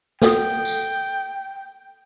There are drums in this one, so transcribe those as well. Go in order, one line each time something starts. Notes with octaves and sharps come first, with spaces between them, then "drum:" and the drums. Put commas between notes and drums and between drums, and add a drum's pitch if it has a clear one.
A4 F#5 G5 D#6, drum: snare
drum: tambourine